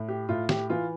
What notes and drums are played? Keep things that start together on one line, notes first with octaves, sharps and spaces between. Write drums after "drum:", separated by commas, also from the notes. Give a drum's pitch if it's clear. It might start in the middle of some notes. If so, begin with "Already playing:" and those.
Already playing: A2
G4
A2 F4
G4, drum: snare
E3 F4